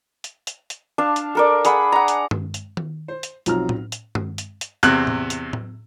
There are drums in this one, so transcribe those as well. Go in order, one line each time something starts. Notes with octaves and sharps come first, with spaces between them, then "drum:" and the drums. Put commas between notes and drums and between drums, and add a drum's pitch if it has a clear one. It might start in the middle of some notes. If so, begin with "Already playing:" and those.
drum: hi-hat
drum: hi-hat
drum: hi-hat
D4 F5 A5
drum: hi-hat
A4 A#4 D5
G#4 F#5 B5, drum: hi-hat
F#5 A#5
drum: hi-hat
drum: tom
drum: hi-hat
drum: tom D#3
C5
drum: hi-hat
B1 F3 F#3 C4 A#5 F6, drum: hi-hat
drum: tom A2
drum: hi-hat
drum: tom
drum: hi-hat
drum: hi-hat
E2 C3 F#6, drum: hi-hat
drum: tom A2
drum: hi-hat
drum: tom A2